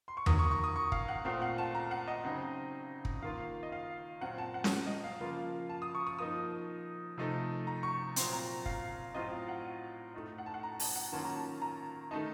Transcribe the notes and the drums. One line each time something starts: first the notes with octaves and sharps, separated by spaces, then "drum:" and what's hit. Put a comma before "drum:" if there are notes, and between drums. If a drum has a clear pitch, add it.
C6
C#6
D#3 F#3 A#3 D#6, drum: tom E2
C#6
C#6
D#6
C#6
F5, drum: kick
F#5
A#2 A3 C4 F5
F#5
A5
A#5
F#5
D#5
C#3 F#3 C4 D#4
drum: kick
D#3 A#3 F4 F5
D#5
F5
A#2 F#3 C4 F#5
A5
F#5
A5, drum: snare C#4
F#5
D#5
F5
C#3 F3 A#3 F4
A5
D#6
C#6
D#6
F3 A#3 D#4 D#6
C3 F3 A3 D#4
A#5
C#6
A#2 F#3 C4 C6, drum: hi-hat
A#5
F5, drum: kick
A2 F#3 C4 F4 D#5
F5
F#5
A2 A3 D#4
F#5
A5
F#5
A#5
A5, drum: open hi-hat
F#5
D#3 F#3 A#3 C#4 F4 A5
A#5
A5
A#5
D#3 A3 D#4 A5